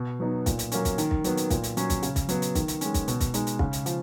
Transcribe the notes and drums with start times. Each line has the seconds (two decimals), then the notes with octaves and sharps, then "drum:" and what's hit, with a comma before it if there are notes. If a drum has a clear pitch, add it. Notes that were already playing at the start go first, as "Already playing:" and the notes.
Already playing: B2
0.20 F#3 B3 D#4
0.46 A#2, drum: kick, hi-hat
0.59 drum: hi-hat
0.72 F#3 A#3 C#4, drum: hi-hat
0.85 drum: kick, hi-hat
0.98 D#3, drum: hi-hat
1.11 drum: kick
1.24 F#3 B3, drum: hi-hat
1.37 drum: hi-hat
1.50 A#2, drum: kick, hi-hat
1.63 drum: hi-hat
1.77 F#3 C#4, drum: hi-hat
1.90 drum: kick, hi-hat
2.02 C#3, drum: hi-hat
2.16 drum: kick, hi-hat
2.29 F#3 B3, drum: hi-hat
2.42 drum: hi-hat
2.55 D#3, drum: kick, hi-hat
2.68 drum: hi-hat
2.81 G#3 C#4, drum: hi-hat
2.94 drum: kick, hi-hat
3.08 B2, drum: hi-hat
3.20 drum: kick, hi-hat
3.34 G#3 D#4, drum: hi-hat
3.47 drum: hi-hat
3.59 C#3, drum: kick
3.73 drum: hi-hat
3.86 F3, drum: hi-hat